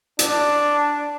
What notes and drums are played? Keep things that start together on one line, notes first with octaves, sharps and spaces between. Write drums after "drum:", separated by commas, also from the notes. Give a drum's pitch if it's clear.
D4, drum: hi-hat